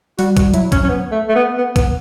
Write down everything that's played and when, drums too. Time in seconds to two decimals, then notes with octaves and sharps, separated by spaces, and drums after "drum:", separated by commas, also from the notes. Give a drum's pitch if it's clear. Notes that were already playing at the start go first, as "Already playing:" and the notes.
0.19 G3 F#4, drum: open hi-hat
0.37 F#4, drum: kick B1, hi-hat
0.54 F#3 E4, drum: hi-hat
0.72 C#4, drum: kick B1, hi-hat
0.84 C#4
0.89 B3
1.12 A3
1.29 A3
1.35 B3
1.58 B3
1.76 B3, drum: kick B1, hi-hat